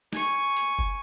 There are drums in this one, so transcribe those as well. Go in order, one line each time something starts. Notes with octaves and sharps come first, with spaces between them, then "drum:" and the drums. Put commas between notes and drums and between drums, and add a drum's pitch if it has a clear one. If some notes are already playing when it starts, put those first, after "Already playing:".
G#5 C#6, drum: snare
drum: hi-hat
drum: kick F#1